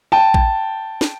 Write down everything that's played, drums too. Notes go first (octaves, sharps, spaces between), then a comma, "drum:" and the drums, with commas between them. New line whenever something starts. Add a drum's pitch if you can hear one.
G5 A5
drum: kick
drum: snare